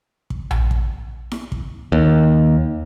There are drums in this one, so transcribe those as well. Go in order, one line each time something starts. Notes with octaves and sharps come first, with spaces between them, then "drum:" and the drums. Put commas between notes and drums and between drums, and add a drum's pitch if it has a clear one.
drum: kick
drum: tom A#1
drum: kick
drum: snare E4
drum: kick
D#2